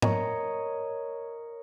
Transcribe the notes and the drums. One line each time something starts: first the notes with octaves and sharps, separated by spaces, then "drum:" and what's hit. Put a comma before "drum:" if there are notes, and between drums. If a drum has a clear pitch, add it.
A#4 C#5 D#5, drum: tom G#2